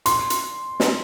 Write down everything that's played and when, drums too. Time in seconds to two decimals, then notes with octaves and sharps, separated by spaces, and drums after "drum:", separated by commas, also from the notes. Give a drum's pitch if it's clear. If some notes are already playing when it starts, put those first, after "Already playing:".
0.06 C6, drum: hi-hat
0.30 drum: hi-hat
0.80 drum: snare